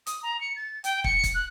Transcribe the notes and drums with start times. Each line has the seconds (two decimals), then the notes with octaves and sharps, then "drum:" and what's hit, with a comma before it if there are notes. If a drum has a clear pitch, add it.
0.06 D#6, drum: hi-hat
0.23 A#5
0.41 C#7
0.56 A6
0.84 G5, drum: hi-hat
1.04 C#7, drum: kick
1.24 drum: kick, hi-hat
1.34 F#6